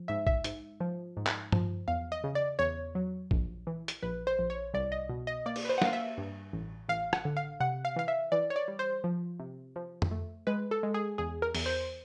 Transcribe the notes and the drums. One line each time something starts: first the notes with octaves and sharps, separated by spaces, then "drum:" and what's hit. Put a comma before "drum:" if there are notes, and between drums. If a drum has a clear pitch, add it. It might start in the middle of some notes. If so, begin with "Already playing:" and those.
Already playing: F3
G#2 E5
E5, drum: kick
G#2, drum: hi-hat
F3
G#2
drum: clap
F3, drum: tom
E2 F5
D#5
C#3
D5
E2 C#5
F#3
A#1, drum: kick
E3
drum: hi-hat
A#1 B4
C5
A#1
C#5
C2 D5
D#5
B2
D#5
A#3 D5
drum: cymbal
B4
C5
F#5
A#3 F5, drum: snare
E5
G2
A1
A1 F5
F#5, drum: rim click
D3
F5
C3 F#5
F5
E3 F5
E5
E3 D5
C#5
D5
G3
C5
F3
C3
F3
drum: tom F2
A3
G#3 B4
A4
G#3
G#4
E2 G#4
A#4
E2, drum: open hi-hat
C5